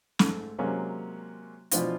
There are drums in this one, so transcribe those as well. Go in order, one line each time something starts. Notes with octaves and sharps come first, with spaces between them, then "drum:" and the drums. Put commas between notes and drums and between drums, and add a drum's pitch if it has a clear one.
G#2 A3, drum: snare
C3 F#3 G#3 A#3 C#4
B2 E3 F3 D4 F4, drum: hi-hat